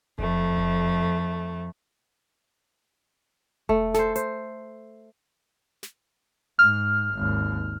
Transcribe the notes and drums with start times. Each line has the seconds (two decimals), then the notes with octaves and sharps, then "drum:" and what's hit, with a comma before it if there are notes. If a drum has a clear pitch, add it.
0.19 F2 A3, drum: kick E1
0.58 drum: kick E1
3.69 A3, drum: kick E1
3.94 A4 C5, drum: snare
4.16 C5, drum: hi-hat
5.83 drum: snare
6.59 G#2 F6
7.14 G#1 D#2